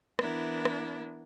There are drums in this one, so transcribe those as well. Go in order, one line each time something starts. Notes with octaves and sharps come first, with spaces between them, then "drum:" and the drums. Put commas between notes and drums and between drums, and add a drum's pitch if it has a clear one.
E3 B3 D4 E4 A#4, drum: rim click
drum: rim click